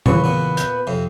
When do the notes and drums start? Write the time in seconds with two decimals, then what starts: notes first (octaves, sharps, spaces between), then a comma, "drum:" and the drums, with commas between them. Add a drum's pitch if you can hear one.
0.06 D#2 A#2 C#3 E3 B4 C#6, drum: tom A#2
0.24 A#2 B3
0.57 G6, drum: hi-hat
0.87 F2 C3